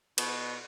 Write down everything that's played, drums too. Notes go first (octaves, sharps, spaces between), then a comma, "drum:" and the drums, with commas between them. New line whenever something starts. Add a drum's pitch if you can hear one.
B2, drum: cymbal